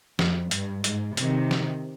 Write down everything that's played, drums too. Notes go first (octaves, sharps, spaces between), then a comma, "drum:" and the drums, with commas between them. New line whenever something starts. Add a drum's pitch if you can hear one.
F2, drum: snare
G2, drum: hi-hat
G#2, drum: hi-hat
C3 D#3, drum: hi-hat
drum: snare